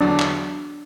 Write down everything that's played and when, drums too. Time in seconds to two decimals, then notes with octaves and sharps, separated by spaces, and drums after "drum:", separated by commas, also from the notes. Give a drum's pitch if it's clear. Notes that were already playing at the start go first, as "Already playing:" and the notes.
0.01 E2 D3 F#3 D4
0.19 drum: clap